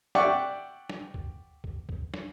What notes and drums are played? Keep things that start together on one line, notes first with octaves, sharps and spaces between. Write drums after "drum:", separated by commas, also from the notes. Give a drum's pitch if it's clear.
D5 E5 F#5 G5 C#6, drum: snare
drum: snare
drum: kick C#2
drum: kick C#2
drum: kick C#2
drum: snare